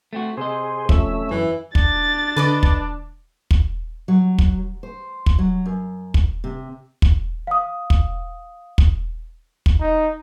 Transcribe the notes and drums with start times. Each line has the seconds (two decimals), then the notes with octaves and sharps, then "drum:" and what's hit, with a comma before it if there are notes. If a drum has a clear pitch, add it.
0.13 A3 C4 F#4
0.37 C3 G#4 C5 D#5
0.89 F3 A3 C#4 E5, drum: kick
1.31 F#2 E3
1.75 D4 A6, drum: kick
2.37 D3 B4 D5 D#5 D6
2.63 drum: kick
3.51 drum: kick
4.08 F#3
4.38 drum: kick
4.83 C5
5.26 drum: kick
5.38 F#3
5.66 F#2
6.14 drum: kick
6.44 C3
7.02 drum: kick
7.47 F5 D#6
7.90 drum: kick
8.78 drum: kick
9.66 drum: kick
9.80 D#4